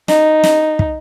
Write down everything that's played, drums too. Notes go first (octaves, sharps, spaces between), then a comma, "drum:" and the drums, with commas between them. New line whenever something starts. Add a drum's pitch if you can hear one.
D#4, drum: snare
drum: snare
drum: kick